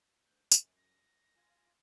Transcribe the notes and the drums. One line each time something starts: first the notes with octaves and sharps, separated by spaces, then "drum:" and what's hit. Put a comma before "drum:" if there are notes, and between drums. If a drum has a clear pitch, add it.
D2 F#6 G6
F#2, drum: tambourine
A#6
F4 G#5